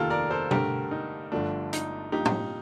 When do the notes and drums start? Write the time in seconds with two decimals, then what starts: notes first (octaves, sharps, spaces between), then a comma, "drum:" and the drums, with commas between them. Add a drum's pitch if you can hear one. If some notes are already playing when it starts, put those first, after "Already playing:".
Already playing: F1 D#2 D#3 A#3 F4 G4 A4 A#4
0.10 A#4 D5
0.30 A4 C5
0.51 G2 D3 A3 G4 A#4, drum: tom B2
0.91 D#4
1.32 G1 G2 D3 F3 A3 D4
1.73 D#4, drum: hi-hat
2.12 G2 F3 A#3 D#4 G4
2.25 drum: tom